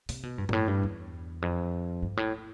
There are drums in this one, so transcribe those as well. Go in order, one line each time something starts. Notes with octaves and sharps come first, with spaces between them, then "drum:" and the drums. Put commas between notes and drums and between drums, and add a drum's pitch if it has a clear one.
C3, drum: open hi-hat
B2
G2
G2, drum: tom G2
A2
G2
E2
F2
G2
A2